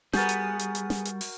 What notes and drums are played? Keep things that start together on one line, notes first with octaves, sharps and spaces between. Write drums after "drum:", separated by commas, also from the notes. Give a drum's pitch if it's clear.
G3 B3 F#4 G#4 A#4 G6 A6, drum: snare
drum: hi-hat
drum: hi-hat
drum: hi-hat
drum: snare
drum: hi-hat
drum: open hi-hat